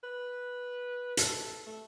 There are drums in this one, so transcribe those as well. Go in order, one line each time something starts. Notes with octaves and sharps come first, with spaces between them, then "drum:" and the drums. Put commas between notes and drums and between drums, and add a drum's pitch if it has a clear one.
B4
A4, drum: hi-hat
A3